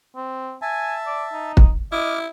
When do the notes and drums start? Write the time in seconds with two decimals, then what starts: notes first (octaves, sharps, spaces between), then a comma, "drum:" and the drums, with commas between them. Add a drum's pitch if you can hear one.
0.16 C4
0.62 E5 G#5 A5
1.07 D5
1.33 D#4
1.57 drum: kick
1.92 E4 D#5 D6 F6